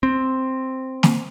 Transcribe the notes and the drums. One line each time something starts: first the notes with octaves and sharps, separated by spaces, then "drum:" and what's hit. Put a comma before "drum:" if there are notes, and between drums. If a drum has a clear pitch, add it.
C4
drum: snare